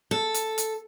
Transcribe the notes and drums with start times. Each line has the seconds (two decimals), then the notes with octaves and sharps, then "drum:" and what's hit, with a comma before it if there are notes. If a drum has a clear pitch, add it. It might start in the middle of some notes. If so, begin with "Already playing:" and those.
0.11 A4
0.34 drum: hi-hat
0.58 drum: hi-hat